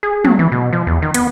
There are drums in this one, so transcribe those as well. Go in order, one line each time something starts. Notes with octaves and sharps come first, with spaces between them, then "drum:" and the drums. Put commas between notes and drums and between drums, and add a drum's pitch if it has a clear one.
G#4
F#3, drum: tom
E3
B2
F3
E2
D#3
B3, drum: hi-hat